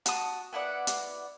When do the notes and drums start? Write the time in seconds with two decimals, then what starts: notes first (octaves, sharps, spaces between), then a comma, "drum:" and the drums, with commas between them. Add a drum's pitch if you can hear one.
0.06 F#4 A5 B5 D#6, drum: hi-hat
0.53 B3 E4 D5 F#5
0.87 drum: hi-hat